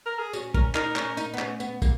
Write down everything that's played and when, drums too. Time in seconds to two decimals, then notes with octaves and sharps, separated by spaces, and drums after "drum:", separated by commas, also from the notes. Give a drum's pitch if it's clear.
0.06 A#4
0.19 G#4
0.33 C#4 F#4, drum: tambourine
0.54 C#4 A#4, drum: kick
0.75 D#4 A#4, drum: clap
0.96 C#4, drum: clap
1.17 D#4, drum: tambourine
1.34 B3
1.38 C#4, drum: clap
1.60 B3, drum: tambourine
1.82 A#3, drum: kick, tambourine